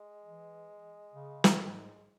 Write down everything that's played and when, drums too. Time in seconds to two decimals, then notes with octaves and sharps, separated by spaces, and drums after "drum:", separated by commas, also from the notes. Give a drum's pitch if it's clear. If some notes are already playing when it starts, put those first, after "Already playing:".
Already playing: G#3
0.23 E3
1.13 C#3
1.44 drum: snare
1.58 G#2